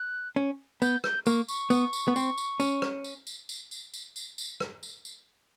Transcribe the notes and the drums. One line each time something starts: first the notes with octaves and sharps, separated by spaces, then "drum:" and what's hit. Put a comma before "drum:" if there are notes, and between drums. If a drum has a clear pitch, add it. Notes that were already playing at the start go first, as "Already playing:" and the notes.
Already playing: F#6
C#4
B3 G6, drum: tambourine
G6, drum: rim click
A#3 C#6, drum: tambourine
C#6, drum: tambourine
B3, drum: tambourine
drum: tambourine
B3
C4, drum: tambourine
drum: tambourine
C#4, drum: tambourine
drum: rim click
drum: tambourine
drum: tambourine
drum: tambourine
drum: tambourine
drum: tambourine
drum: tambourine
drum: tambourine
drum: rim click
drum: tambourine
drum: tambourine